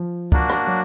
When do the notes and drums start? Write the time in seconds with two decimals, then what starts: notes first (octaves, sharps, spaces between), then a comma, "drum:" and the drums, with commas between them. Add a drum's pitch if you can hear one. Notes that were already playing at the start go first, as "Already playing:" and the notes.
Already playing: F3
0.32 A#3 D4 F#4, drum: kick
0.49 drum: rim click
0.67 F#3